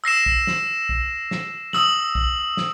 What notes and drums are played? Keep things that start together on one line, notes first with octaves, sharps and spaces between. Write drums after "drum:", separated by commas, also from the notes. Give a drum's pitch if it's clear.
E6 A#6 C7 E7
drum: kick
drum: snare
drum: kick
drum: snare
D#6 E6 F#7, drum: snare
drum: kick
drum: snare